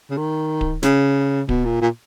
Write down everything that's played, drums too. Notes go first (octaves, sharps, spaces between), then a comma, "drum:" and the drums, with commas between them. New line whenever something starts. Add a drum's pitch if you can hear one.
C#3
D#3
drum: kick D1
C#3, drum: snare
B2, drum: kick D1
A#2
A#2